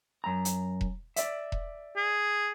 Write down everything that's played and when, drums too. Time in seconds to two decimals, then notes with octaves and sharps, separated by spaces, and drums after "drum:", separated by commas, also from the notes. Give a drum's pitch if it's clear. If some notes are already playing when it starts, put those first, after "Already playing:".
0.24 F#2 A#5
0.45 drum: hi-hat
0.81 drum: kick E1
1.16 D5 E5, drum: hi-hat
1.52 drum: kick E1
1.96 G#4